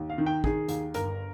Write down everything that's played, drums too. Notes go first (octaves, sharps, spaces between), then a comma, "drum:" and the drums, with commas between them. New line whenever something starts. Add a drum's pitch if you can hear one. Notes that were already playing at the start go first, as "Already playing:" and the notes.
Already playing: D#2
F5
D#3
G5
D#3 G#4, drum: kick
D#2, drum: hi-hat
G1 A#4, drum: hi-hat